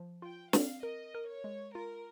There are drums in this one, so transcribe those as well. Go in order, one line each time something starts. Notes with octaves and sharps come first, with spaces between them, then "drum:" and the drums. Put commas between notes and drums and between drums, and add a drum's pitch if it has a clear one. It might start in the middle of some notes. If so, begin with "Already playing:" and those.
Already playing: F3
F4 G5
C4 F5, drum: snare
A#4 D#5
A#4
C#5
G#3
F4 A#4